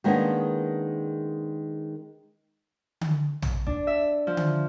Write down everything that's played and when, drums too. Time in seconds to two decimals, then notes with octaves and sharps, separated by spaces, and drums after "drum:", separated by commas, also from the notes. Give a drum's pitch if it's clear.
0.04 D#3 G#3 A#3 B3 C#4 D4
3.01 drum: tom D3
3.42 drum: tom A#1
3.67 D4, drum: kick
3.87 E5
4.27 F3
4.37 drum: tom D3